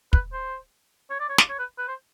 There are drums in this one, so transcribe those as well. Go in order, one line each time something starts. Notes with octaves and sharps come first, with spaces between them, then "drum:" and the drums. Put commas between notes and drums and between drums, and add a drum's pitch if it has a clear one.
B4, drum: kick
C5
C#5
D5
C#5
D5, drum: snare
C#5
B4
B4
C5